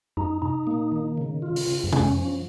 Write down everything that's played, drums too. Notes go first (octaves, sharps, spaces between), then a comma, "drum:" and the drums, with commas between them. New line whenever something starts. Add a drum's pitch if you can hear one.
F#2 D#4
C3 D#4
A#2 A#3
D#3
C#3
F4
drum: open hi-hat
G#2 C#3
F#2
C#4, drum: tom C3
F2
F#2 F3